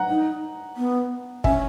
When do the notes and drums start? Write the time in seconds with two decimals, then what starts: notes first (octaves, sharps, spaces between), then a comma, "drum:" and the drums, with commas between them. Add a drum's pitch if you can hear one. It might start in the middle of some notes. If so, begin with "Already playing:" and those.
Already playing: F#5 A#5
0.09 D#4
0.77 B3
1.44 C#4 E5 G#5, drum: kick